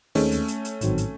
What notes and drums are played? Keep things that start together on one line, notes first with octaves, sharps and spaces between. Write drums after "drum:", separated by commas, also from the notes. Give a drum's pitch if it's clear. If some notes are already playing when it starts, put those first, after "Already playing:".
D#2 D#3 G#3 A3 C4 C#4, drum: open hi-hat
drum: hi-hat
drum: hi-hat
drum: hi-hat
A1 G#2 D#3 F#3 C4, drum: hi-hat
drum: hi-hat